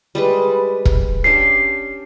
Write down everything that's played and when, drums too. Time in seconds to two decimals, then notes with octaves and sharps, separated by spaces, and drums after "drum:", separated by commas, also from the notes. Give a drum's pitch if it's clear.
0.15 G3 G#3 B4
0.85 drum: kick E1
1.24 C#4 D4 G4 C7